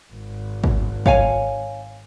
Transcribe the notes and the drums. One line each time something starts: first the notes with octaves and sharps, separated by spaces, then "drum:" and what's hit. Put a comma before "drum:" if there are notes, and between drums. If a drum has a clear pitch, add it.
G#1
drum: kick
C#5 F5 G#5, drum: kick